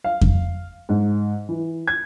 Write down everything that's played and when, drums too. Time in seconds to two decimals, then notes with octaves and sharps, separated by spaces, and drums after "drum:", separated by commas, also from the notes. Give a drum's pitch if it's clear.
0.04 F5
0.21 drum: kick F2
0.89 G#2
1.49 E3
1.88 G#6